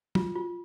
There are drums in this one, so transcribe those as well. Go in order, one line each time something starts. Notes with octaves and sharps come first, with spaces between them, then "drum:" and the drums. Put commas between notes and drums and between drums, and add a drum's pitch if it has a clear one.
F4, drum: tom
F4